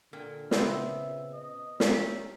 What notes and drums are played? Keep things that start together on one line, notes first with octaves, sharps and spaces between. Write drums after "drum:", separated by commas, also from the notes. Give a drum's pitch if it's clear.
A#2 D3 A#4 G5
C#3 B3 C4 E5, drum: snare
D#5
A3 C#4 G4 A#4, drum: snare